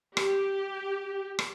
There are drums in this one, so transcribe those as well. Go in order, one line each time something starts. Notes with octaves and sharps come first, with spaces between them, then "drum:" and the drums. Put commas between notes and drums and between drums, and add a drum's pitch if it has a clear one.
G4, drum: rim click
drum: rim click